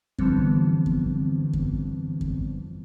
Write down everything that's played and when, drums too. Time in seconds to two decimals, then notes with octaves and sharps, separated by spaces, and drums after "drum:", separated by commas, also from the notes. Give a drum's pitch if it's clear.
0.19 D3 E3 F3 G3 B3 C4, drum: kick F#2
0.86 drum: kick F#2
1.53 drum: kick F#2
2.21 drum: kick F#2